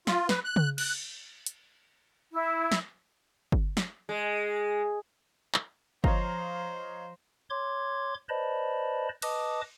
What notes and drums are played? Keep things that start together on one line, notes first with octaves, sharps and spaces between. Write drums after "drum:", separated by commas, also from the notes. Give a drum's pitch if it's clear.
F4, drum: snare
B4, drum: snare
F#6
drum: tom C#3
F#6, drum: cymbal
drum: hi-hat
E4
drum: snare
drum: kick G1
drum: snare
G#3
drum: clap
F3 C5 C#5 D#5 F5 A#5, drum: kick G1
C#5 C6 D6 G#6
B4 C5 D5 D#5 A5 B5
B4 D#5 A5 D6 D#6, drum: cymbal